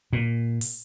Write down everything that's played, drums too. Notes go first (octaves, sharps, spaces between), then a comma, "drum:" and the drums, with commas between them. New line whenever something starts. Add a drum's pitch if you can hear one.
A#2
drum: open hi-hat